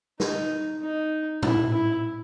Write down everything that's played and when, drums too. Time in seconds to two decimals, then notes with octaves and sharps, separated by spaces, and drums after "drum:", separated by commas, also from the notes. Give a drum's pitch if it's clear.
0.20 D#4, drum: snare
0.81 D#4
1.43 E4, drum: tom A2
1.73 E4